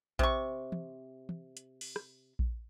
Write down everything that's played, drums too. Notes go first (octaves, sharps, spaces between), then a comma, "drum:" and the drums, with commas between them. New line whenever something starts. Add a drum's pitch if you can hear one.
C3 C#6, drum: kick A#1
drum: tom
drum: tom
drum: hi-hat
drum: open hi-hat
drum: rim click
drum: kick A#1